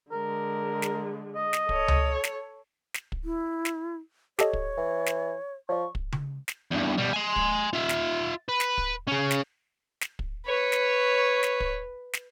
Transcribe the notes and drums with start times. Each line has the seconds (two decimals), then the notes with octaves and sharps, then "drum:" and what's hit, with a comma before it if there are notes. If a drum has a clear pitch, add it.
0.12 D3 G#3 A#4
0.82 drum: snare
1.35 D#5
1.53 drum: snare
1.69 A4 C#5, drum: kick
1.88 drum: tom C#2
2.24 drum: snare
2.94 drum: snare
3.12 drum: kick
3.24 E4
3.65 drum: snare
4.39 G4 A4 C#5 D#5, drum: snare
4.53 drum: kick
4.77 E3
5.06 drum: snare
5.69 F3 C#5 D5 C#6
5.95 drum: kick
6.12 drum: tom C#3
6.48 drum: snare
6.71 E2 G2
6.98 B2 G3
7.13 G#5 C6
7.36 drum: kick
7.73 F4 E5
7.89 drum: snare
8.48 B4
8.60 drum: snare
8.78 drum: kick
9.08 C#4 G#4
9.31 drum: snare
10.01 drum: snare
10.19 drum: kick
10.47 B4 C#5
10.72 drum: snare
11.43 drum: snare
11.60 drum: kick
12.13 drum: snare